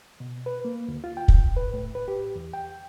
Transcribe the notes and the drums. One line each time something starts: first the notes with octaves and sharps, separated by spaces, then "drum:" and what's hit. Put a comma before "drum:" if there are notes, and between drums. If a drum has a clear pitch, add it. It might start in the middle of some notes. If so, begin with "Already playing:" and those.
B2
B4
A#3
D2
F4
G5
drum: kick
B4
A2
B4
G4
E2
G5